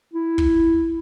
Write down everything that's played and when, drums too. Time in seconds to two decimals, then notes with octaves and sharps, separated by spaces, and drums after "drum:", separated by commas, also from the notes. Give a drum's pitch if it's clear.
0.14 E4
0.38 drum: kick